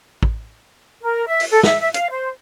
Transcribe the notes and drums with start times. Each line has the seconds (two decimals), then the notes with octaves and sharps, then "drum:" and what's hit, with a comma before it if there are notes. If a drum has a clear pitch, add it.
0.23 drum: kick
1.03 A#4
1.28 E5
1.40 drum: open hi-hat
1.51 A4
1.63 E5, drum: snare
1.79 E5
1.94 F5, drum: hi-hat
2.10 C5